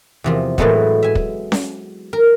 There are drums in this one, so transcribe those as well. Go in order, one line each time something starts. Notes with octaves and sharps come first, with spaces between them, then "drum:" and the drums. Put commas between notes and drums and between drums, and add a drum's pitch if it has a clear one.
E2 C3 F3
A2 E3 F#3 G#3 A3 B3, drum: kick
E5 G#5
drum: kick
drum: snare C#4
A#4